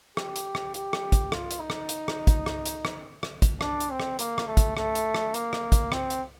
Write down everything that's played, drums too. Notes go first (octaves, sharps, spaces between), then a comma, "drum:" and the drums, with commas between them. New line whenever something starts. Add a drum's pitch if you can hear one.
G4, drum: rim click
drum: hi-hat
drum: rim click
G4, drum: hi-hat
drum: rim click
drum: kick, hi-hat
F4, drum: rim click
drum: hi-hat
D#4
drum: rim click
drum: hi-hat
drum: rim click
drum: kick, hi-hat
drum: rim click
drum: hi-hat
drum: rim click
drum: rim click
drum: kick, hi-hat
D4, drum: rim click
drum: hi-hat
C4
drum: rim click
A#3, drum: hi-hat
drum: rim click
A3
drum: kick, hi-hat
A3, drum: rim click
drum: hi-hat
drum: rim click
A#3, drum: hi-hat
drum: rim click
drum: kick, hi-hat
C4, drum: rim click
drum: hi-hat